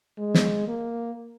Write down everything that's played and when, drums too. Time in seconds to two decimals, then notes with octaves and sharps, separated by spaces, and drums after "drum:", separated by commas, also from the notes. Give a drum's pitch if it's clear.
0.18 G#3
0.34 drum: snare
0.67 A#3